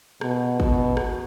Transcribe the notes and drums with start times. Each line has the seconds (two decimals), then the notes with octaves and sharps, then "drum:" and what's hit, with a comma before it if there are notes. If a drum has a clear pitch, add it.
0.21 B2, drum: rim click
0.60 B2, drum: kick
0.97 drum: rim click